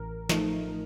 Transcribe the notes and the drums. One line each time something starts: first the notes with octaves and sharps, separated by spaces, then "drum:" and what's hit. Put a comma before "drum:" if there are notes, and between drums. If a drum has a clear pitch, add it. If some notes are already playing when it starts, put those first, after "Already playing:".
Already playing: A1 A#4
F3 A3 D#4, drum: snare